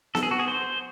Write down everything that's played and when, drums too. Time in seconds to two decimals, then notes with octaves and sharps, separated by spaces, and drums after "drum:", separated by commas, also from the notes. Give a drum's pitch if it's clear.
0.15 A4, drum: snare B3
0.23 G#4
0.31 F#4
0.39 G#4
0.48 C5